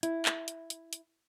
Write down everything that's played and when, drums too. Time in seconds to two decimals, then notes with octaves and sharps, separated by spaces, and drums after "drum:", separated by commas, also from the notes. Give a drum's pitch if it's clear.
0.03 E4, drum: hi-hat
0.25 drum: clap
0.48 drum: hi-hat
0.70 drum: hi-hat
0.93 drum: hi-hat